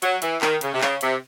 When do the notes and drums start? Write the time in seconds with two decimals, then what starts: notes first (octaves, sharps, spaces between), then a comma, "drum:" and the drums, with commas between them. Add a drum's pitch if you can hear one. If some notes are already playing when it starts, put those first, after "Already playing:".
0.02 F#3, drum: hi-hat
0.22 E3, drum: hi-hat
0.41 D#3, drum: clap
0.61 C#3, drum: hi-hat
0.73 C3
0.81 C#3, drum: clap
1.01 C3, drum: hi-hat